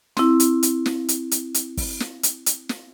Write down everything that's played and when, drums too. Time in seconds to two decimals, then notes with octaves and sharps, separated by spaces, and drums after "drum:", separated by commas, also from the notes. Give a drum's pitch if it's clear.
0.17 C4 E4, drum: snare
0.40 drum: hi-hat
0.63 drum: hi-hat
0.86 drum: snare
1.09 drum: hi-hat
1.31 drum: hi-hat
1.54 drum: hi-hat
1.77 drum: kick, open hi-hat
2.00 drum: snare
2.23 drum: hi-hat
2.46 drum: hi-hat
2.69 drum: snare